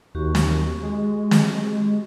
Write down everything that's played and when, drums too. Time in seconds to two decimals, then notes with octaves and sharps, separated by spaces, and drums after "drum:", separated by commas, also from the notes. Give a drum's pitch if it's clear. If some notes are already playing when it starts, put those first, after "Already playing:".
0.15 D#2 F#4 G4 C#6
0.35 drum: snare
0.83 G#3
1.31 drum: snare